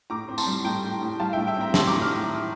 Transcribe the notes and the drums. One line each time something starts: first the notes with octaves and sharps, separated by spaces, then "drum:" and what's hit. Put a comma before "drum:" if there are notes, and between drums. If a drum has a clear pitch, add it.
A2 A#5 D6
C4
A5 C6, drum: tambourine
G3
A2 G5 A#5
A2
A2
G3 F5 A5
E5 G5
A2
E5 G5
C4 G5 A#5
A2 A5 C6, drum: snare
A#5 D6
A2
D6 F6